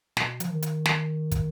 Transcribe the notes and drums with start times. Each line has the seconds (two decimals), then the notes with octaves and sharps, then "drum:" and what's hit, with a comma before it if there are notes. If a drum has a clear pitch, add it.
0.17 B2, drum: snare
0.40 F3, drum: hi-hat
0.50 D#3
0.62 drum: hi-hat
0.85 drum: snare
1.32 drum: kick, hi-hat